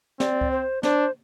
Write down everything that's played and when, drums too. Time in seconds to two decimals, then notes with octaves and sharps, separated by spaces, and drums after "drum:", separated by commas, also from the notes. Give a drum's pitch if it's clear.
0.20 C4 D5, drum: snare
0.41 drum: kick C#2
0.51 C5
0.83 D4 C5, drum: snare